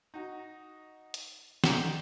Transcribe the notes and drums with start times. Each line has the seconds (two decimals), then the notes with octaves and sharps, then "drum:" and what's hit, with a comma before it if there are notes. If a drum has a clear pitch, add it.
0.14 D#4 F#4
1.14 drum: hi-hat
1.64 D#4 D5 F#5 G5 A#5, drum: snare